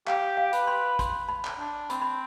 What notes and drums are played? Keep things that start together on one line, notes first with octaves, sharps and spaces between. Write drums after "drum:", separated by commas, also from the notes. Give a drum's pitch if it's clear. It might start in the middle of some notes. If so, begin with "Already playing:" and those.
G4 F5, drum: clap
F5
B4, drum: hi-hat
C6
C6, drum: kick, hi-hat
B5
drum: clap
D4
C4 B5, drum: hi-hat
B5